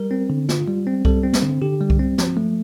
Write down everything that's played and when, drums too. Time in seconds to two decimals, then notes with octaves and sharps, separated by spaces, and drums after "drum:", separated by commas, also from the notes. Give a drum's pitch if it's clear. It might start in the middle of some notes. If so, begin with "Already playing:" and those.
Already playing: G3 A#4
0.11 C4
0.30 D3
0.49 F4, drum: snare
0.68 G3
0.87 C4
1.05 G3 A4, drum: kick C2
1.24 C4
1.33 drum: snare
1.43 D3
1.62 D3 G4
1.81 G3
1.90 drum: kick C2
1.99 C4
2.18 F3, drum: snare
2.37 A3